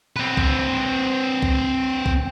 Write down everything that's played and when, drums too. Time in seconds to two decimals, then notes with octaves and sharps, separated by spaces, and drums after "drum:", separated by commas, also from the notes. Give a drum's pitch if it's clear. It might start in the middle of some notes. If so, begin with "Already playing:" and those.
0.16 C4 B4
0.37 drum: kick
1.42 drum: kick
2.06 drum: kick